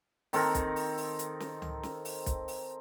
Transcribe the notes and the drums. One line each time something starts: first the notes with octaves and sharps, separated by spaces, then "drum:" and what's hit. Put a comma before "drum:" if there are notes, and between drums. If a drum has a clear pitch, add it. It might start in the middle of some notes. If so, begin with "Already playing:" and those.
D#3 C4 A4 A#4, drum: open hi-hat
drum: kick B1, hi-hat
drum: open hi-hat
drum: open hi-hat
drum: hi-hat
drum: snare
drum: tom C#2
drum: snare
drum: open hi-hat
drum: kick B1, hi-hat
drum: open hi-hat